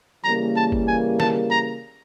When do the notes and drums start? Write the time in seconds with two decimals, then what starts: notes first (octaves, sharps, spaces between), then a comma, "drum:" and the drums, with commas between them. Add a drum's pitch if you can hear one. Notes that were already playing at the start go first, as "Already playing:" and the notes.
0.24 C#3 E3 G3 A#3 A#5
0.56 A5
0.72 drum: kick G1
0.88 G#5
1.20 A5, drum: snare
1.51 A#5